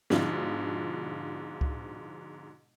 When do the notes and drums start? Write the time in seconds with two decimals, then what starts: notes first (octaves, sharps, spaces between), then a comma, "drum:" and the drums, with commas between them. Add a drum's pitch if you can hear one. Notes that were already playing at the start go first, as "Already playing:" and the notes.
0.10 G#2 B2 D3 F3 E4 F4, drum: snare
1.61 drum: kick C#2